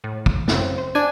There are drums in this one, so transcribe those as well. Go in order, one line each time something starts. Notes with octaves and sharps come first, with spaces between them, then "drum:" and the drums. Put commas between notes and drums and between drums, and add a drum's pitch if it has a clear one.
A2
drum: kick
F#2 C#3 C4, drum: snare
C5
D4 G#5